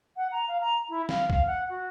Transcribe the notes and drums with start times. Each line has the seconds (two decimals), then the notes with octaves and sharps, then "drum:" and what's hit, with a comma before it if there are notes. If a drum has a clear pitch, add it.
0.17 F#5
0.32 A#5
0.48 F5
0.61 A#5
0.89 E4
1.09 F5, drum: snare
1.30 F5, drum: kick
1.47 F#5
1.70 F#4